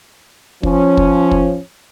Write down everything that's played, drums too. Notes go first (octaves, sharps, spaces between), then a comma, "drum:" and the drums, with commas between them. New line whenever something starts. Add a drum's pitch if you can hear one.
F3 C#4, drum: kick
drum: kick
drum: kick